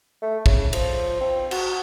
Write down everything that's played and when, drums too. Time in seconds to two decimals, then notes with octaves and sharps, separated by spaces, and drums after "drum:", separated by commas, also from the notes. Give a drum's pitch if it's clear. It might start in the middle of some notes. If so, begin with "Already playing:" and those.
0.22 A3
0.46 C#3, drum: kick
0.73 F3, drum: cymbal
1.21 C4
1.51 F#4, drum: cymbal